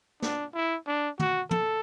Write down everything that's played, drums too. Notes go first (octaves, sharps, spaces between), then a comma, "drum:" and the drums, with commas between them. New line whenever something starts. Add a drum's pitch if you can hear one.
D4, drum: snare
E4
D4
F#4, drum: tom
A4, drum: tom